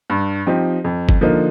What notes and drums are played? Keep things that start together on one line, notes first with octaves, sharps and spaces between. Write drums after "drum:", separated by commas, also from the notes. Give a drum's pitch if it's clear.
G2
F3 C4 D#4 G4
F2
drum: kick
D3 F3 A#3 D#4